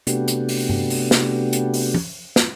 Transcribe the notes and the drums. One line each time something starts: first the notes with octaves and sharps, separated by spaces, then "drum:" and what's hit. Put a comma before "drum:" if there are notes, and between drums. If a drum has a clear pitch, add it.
C3 A3 B3 D4 F#4 G4, drum: hi-hat
drum: hi-hat
drum: open hi-hat
drum: tom G2
drum: open hi-hat
drum: snare
drum: hi-hat
drum: open hi-hat
drum: tom
drum: snare